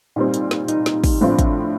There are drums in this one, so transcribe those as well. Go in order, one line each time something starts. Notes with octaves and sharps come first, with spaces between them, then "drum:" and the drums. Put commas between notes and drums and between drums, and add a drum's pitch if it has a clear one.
A#2 G3 C4 D#4
drum: hi-hat
drum: snare
D#4, drum: hi-hat
drum: snare
drum: kick, open hi-hat
A2 F3 C4 D4 F4
drum: kick, hi-hat